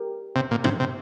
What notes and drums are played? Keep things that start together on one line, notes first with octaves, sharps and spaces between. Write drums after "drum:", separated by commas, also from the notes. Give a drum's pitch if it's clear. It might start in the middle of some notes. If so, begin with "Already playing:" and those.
Already playing: G4 A#4
C3
A#2
C3, drum: tom
C3